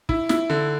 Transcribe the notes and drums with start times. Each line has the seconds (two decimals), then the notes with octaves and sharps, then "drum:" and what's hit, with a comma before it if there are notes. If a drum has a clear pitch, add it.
0.09 E4, drum: kick
0.29 E4, drum: snare
0.50 D3